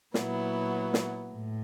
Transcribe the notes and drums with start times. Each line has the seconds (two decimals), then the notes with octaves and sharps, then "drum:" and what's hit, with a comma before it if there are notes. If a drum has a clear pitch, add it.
0.14 A#2 F#3 B3 E4, drum: snare
0.94 drum: snare
1.33 A2